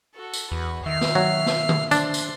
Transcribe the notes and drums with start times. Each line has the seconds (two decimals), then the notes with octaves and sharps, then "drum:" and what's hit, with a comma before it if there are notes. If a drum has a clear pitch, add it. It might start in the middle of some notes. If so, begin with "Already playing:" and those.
0.15 F#4 A4
0.33 drum: tambourine
0.51 E2 F#4 B4
0.86 D#3 E5 F6 C7
1.01 drum: snare
1.15 F#3
1.46 drum: snare
1.69 drum: tom D3
1.91 D4 C5 C6, drum: tambourine
2.14 drum: tambourine